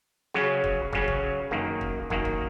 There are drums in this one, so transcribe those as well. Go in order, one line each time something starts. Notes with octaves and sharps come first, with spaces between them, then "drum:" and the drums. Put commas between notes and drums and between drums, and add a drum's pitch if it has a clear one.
C#3 F#3 C#4
drum: kick
C#3 F#3 C#4, drum: kick
drum: kick
F#2 D#3 A#3
drum: kick
F#2 D#3 A#3, drum: kick
drum: kick